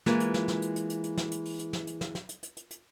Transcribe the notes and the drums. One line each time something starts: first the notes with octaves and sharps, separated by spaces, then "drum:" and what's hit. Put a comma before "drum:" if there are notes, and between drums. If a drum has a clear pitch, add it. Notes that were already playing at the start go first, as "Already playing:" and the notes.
E3 G#3 A#3 F4, drum: snare
drum: hi-hat
drum: snare
drum: snare
drum: hi-hat
drum: hi-hat
drum: hi-hat
drum: hi-hat
drum: snare
drum: hi-hat
drum: open hi-hat
drum: hi-hat
drum: snare
drum: hi-hat
drum: snare
drum: snare
drum: hi-hat
drum: hi-hat
drum: hi-hat
drum: hi-hat